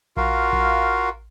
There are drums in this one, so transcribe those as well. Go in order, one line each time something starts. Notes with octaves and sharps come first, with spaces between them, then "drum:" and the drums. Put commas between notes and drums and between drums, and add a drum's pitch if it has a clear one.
F4 F#4 A#4 F5, drum: kick A#1
drum: kick A#1